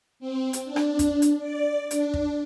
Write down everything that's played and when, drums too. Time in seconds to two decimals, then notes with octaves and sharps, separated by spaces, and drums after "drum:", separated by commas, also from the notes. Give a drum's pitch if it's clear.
0.20 C4
0.53 drum: hi-hat
0.65 D4
0.76 drum: rim click
0.99 drum: kick, hi-hat
1.22 drum: hi-hat
1.38 D5
1.91 D4, drum: hi-hat
2.14 drum: kick